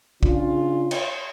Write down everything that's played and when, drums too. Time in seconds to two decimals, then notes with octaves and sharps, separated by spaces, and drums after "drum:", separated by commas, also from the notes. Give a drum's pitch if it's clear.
0.23 C#3 D4 F4, drum: kick B1
0.91 drum: cymbal